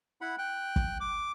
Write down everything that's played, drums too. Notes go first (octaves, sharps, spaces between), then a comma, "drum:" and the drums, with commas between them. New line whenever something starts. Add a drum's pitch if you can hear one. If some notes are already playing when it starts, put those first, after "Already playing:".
E4 F#5 B5
G5 F#6
drum: kick
D6